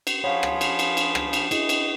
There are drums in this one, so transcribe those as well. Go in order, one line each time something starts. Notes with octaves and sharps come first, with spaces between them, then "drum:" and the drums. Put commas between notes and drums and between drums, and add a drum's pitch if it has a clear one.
drum: cymbal
F3 G#4 C5 C#5 F5 F#5 B5
drum: rim click
drum: cymbal
drum: cymbal
drum: cymbal
drum: rim click
drum: cymbal
E4 G#4 D#5, drum: cymbal
drum: cymbal